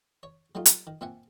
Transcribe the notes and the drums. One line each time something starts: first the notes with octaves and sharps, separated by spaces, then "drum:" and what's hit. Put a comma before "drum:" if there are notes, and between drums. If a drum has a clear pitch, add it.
C#5
F#3 G3 A3 D#4 F4
drum: hi-hat
D#3
A#2 C4 E5 F#5 G#5